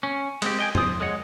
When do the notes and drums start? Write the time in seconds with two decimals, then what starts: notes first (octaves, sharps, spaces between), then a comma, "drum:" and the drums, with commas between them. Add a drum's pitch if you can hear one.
0.03 C#4
0.42 G#3 C4 G4, drum: cymbal
0.59 D#5 G5 G#5
0.75 F4 C5 D#6, drum: tom E2
1.00 G#3 G#4 C#5 D#5 F#5